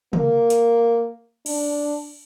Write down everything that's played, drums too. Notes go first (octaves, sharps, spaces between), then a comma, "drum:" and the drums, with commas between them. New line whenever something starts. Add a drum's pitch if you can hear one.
A#3, drum: tom
drum: hi-hat
D4, drum: cymbal